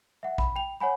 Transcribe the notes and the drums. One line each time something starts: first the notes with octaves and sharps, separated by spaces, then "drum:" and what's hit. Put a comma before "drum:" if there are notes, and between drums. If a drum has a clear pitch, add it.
E5 F#5
B5, drum: kick A#1
G5 F7
C#5 F#5 G#5 B5